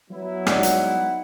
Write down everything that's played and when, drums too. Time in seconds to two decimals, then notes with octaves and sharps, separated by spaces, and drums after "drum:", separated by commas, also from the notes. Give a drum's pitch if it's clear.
0.10 F#3 B3 E4
0.47 G#3 D#4 D5 F#5 G#5, drum: rim click
0.63 drum: hi-hat